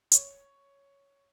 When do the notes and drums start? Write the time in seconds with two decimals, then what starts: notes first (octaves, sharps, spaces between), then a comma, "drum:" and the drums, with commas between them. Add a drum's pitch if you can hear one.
0.12 C#5, drum: hi-hat